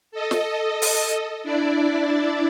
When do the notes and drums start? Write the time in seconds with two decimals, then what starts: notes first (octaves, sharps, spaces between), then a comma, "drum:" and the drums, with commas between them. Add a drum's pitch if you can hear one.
0.11 A4 D#5
0.31 drum: snare
0.82 drum: open hi-hat
1.43 D4 E4 D5